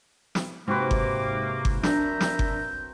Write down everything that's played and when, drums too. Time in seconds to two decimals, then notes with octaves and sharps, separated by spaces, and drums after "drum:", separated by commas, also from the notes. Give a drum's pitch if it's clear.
0.35 drum: snare
0.68 G#2 C3 A#3 C4 F#4 B4 D6
0.91 drum: kick G1
1.65 drum: kick G1
1.83 D4 A#4 E5 A#5 G6, drum: snare
2.21 drum: snare
2.39 drum: kick G1